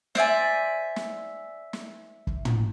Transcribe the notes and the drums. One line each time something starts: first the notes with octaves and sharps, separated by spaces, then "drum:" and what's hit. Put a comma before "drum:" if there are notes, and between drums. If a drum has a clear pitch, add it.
C5 D5 E5 G#5, drum: snare
drum: snare
drum: snare
drum: kick
drum: tom